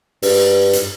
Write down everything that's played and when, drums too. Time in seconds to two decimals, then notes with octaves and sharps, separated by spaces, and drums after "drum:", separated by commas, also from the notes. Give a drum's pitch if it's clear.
0.22 G2, drum: open hi-hat
0.73 drum: hi-hat